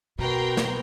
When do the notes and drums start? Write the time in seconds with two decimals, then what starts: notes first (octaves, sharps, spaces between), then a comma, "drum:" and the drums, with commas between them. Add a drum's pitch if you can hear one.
0.19 B2 B3 F#4 A#4 G5 A#5 C6
0.57 drum: snare